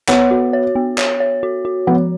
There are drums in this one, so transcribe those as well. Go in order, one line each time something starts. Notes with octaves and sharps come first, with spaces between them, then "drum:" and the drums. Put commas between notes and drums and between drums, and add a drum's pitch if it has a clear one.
B3 C#5, drum: clap
F#4
C#5
B3
C#5, drum: clap
C#5
F#4
F#4
F3 B3